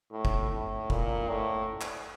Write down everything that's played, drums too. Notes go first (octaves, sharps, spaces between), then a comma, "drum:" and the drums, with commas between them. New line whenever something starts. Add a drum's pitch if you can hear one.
A2
drum: kick
A2
A#2, drum: kick
A2
drum: clap